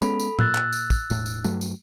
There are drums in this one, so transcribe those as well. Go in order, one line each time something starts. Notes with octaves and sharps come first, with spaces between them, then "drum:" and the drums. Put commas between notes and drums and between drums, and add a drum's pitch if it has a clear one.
G#3 B3 C#4 A4 B5, drum: tambourine
drum: tambourine
A#2 E6 F#6 A6, drum: tom A2
drum: clap
drum: tambourine
drum: kick, tambourine
E1 A2, drum: tambourine
drum: tambourine
G2 F#3 A3, drum: tambourine
drum: tambourine